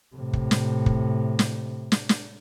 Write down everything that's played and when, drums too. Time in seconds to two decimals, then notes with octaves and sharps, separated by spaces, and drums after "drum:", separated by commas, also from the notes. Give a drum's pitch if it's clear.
0.16 A2 C3
0.33 drum: kick
0.51 drum: snare
0.86 drum: kick
1.39 drum: snare
1.92 drum: snare
2.09 drum: snare